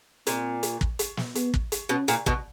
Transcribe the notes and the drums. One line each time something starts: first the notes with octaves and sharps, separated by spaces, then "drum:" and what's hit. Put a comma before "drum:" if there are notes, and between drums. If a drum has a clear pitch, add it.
A#2 C4, drum: hi-hat
drum: hi-hat
drum: kick
drum: hi-hat
drum: snare
B3, drum: hi-hat
drum: kick
drum: hi-hat
B2 C#4
A#2, drum: hi-hat
B2, drum: kick